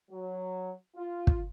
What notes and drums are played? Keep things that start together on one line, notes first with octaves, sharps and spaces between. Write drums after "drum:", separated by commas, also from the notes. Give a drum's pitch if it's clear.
F#3
F4
drum: kick